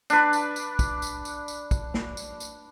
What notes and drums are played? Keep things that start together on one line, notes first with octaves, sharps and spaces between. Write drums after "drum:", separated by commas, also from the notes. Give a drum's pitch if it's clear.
D4 B4, drum: tambourine
drum: tambourine
drum: tambourine
drum: kick, tambourine
drum: tambourine
drum: tambourine
drum: tambourine
drum: kick, tambourine
drum: snare
drum: tambourine
drum: tambourine